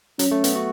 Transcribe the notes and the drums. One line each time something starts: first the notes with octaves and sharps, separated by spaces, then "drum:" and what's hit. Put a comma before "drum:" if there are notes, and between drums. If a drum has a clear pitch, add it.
F#3 C#4, drum: hi-hat
A3
B3, drum: hi-hat
F#4